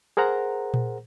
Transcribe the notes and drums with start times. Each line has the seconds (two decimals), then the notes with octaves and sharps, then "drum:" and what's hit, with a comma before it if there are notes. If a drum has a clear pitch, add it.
0.17 G#4 A#4 C5 F#5 A#5
0.74 drum: tom A#2